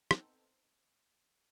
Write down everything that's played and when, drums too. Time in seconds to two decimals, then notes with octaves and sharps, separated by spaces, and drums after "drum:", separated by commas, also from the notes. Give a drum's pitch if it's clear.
0.11 B3 C4 D#4 A4 C5, drum: rim click